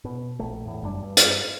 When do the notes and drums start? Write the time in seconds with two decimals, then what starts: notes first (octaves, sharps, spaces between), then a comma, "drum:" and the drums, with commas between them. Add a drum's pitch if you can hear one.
0.05 B2
0.39 A#1 A3
0.65 E2 A2
0.81 G1 F#2 G3 D4
1.02 G2
1.17 drum: hi-hat